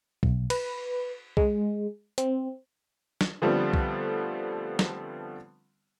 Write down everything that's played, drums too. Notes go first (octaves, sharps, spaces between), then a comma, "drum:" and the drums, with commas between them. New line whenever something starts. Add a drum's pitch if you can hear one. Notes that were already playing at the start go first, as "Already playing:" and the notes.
B1, drum: kick B1
B4, drum: cymbal
G#3, drum: kick B1
C4, drum: hi-hat
drum: snare
D3 F3 G3 A3 B3 C4
drum: kick B1
drum: snare